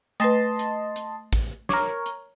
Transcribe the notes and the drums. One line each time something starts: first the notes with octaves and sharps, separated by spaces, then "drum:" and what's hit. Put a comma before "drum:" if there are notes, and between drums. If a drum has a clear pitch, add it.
A3 B4 D#5 A5 C6, drum: hi-hat
drum: hi-hat
drum: hi-hat
drum: kick, hi-hat
A#4 C#5 D6, drum: snare
drum: hi-hat